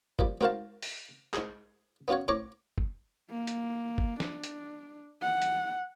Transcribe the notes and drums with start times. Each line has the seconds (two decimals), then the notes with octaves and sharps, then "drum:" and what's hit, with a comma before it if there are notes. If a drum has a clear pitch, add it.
0.19 A#2 F3 G3, drum: kick
0.41 C4 F#4 A#4 C5 F5 A5, drum: tom
0.82 drum: open hi-hat
1.34 G#2 G#4, drum: clap
2.08 B3 C#4 F4 F#4 C#5
2.28 A2 C4 C#5 A#5 C#6 D6
2.78 drum: kick
3.30 A#3
3.47 drum: hi-hat
3.98 drum: kick
4.20 D4, drum: snare
4.44 drum: hi-hat
5.22 F#5
5.42 drum: hi-hat